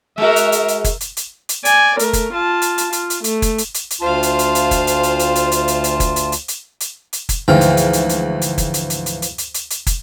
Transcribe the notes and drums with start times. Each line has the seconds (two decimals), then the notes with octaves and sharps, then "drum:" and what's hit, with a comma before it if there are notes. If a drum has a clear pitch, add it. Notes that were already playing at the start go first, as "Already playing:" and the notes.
0.18 G#3 F#4 A#4 E5
0.36 drum: hi-hat
0.52 drum: hi-hat
0.68 drum: hi-hat
0.84 drum: kick, hi-hat
1.01 drum: hi-hat
1.17 drum: hi-hat
1.49 drum: hi-hat
1.65 D5 G#5, drum: hi-hat
1.99 A3 A#4, drum: hi-hat
2.13 drum: kick, hi-hat
2.34 F4 A5
2.62 drum: hi-hat
2.78 drum: hi-hat
2.93 F4, drum: hi-hat
3.10 drum: hi-hat
3.24 A3, drum: hi-hat
3.42 drum: kick, hi-hat
3.58 drum: hi-hat
3.74 drum: hi-hat
3.90 drum: hi-hat
4.01 D2 F4 C5 F5 A5
4.23 drum: hi-hat
4.39 drum: hi-hat
4.55 drum: hi-hat
4.71 drum: kick, hi-hat
4.87 drum: hi-hat
5.03 drum: hi-hat
5.19 drum: hi-hat
5.35 drum: hi-hat
5.52 drum: hi-hat
5.68 drum: hi-hat
5.84 drum: hi-hat
6.00 drum: kick, hi-hat
6.16 drum: hi-hat
6.32 drum: hi-hat
6.48 drum: hi-hat
6.80 drum: hi-hat
7.13 drum: hi-hat
7.29 drum: kick, hi-hat
7.48 D2 G#2 E3 F3 G5 F6
7.61 drum: hi-hat
7.77 drum: hi-hat
7.93 drum: hi-hat
8.09 drum: hi-hat
8.42 drum: hi-hat
8.58 drum: kick, hi-hat
8.74 drum: hi-hat
8.90 drum: hi-hat
9.06 drum: hi-hat
9.22 drum: hi-hat
9.38 drum: hi-hat
9.54 drum: hi-hat
9.70 drum: hi-hat
9.87 drum: kick, hi-hat